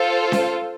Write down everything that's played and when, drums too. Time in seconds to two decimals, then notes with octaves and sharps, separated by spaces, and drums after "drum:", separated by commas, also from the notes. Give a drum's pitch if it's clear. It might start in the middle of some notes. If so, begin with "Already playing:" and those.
Already playing: F4 A4 C5
0.32 drum: snare C#4